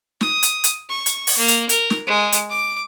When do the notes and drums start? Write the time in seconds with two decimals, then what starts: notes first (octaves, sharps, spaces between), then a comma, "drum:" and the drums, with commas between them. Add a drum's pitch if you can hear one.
0.21 D#6, drum: snare
0.43 drum: hi-hat
0.64 drum: hi-hat
0.89 C#6
1.06 drum: hi-hat
1.27 drum: open hi-hat
1.37 A#3
1.48 drum: hi-hat
1.69 A#4, drum: hi-hat
1.90 drum: snare
2.06 G#3
2.32 drum: hi-hat
2.50 D6